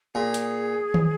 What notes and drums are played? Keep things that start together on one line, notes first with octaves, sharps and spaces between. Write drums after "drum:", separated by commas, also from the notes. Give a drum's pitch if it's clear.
A#2 G#4
drum: hi-hat
drum: tom